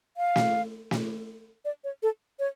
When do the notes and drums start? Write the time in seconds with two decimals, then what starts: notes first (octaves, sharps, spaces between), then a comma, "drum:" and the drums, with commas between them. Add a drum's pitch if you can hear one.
0.17 F5
0.36 drum: snare
0.91 drum: snare
1.65 D5
1.84 C#5
2.03 A4
2.39 C#5